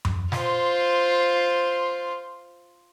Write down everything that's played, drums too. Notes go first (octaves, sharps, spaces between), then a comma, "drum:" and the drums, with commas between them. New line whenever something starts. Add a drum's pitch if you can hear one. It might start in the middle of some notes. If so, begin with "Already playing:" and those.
drum: tom F#2
F4 C5, drum: snare